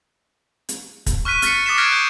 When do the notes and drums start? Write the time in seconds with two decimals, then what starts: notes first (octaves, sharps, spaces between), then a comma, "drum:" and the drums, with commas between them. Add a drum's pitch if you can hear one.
0.69 drum: hi-hat
1.06 drum: kick, hi-hat
1.25 C#6 F6 F#6 B6 D#7
1.42 F6 A6 B6 C#7, drum: hi-hat
1.66 D6 D#6 A6 B6 C7 E7
1.78 F6 F#6 G#6 A#6 C7 D7
1.92 G6